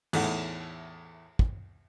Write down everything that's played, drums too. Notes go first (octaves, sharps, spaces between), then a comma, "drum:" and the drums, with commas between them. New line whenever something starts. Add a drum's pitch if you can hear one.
E2 A2 A3 D#4 F#5, drum: cymbal
drum: kick